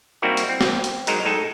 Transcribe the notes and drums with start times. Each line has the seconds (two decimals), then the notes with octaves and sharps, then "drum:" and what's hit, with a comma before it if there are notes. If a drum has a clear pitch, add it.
0.22 G3 A#3 C4 D#4 E4 F#4
0.37 drum: hi-hat
0.49 C4
0.61 drum: snare
0.84 drum: hi-hat
1.07 F#3 G#3 D#4 A#4 C5, drum: hi-hat
1.25 A2 G#3 D#4 A4 G#5